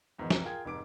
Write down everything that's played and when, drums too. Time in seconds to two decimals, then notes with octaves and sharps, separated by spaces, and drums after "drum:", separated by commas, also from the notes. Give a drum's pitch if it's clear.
0.19 E2 G#2 D#3 F3 B3 D#4
0.30 C2 F2 E3 A#5 D7, drum: snare
0.45 F4 G#4 A#4 G5 G#6
0.65 F1 G#2 D6 D7